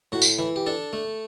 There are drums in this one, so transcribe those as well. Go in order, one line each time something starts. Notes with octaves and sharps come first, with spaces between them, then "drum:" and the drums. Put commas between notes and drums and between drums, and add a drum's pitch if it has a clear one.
A2 F#4
drum: tambourine
E3 E4
G4
D4 A4
A3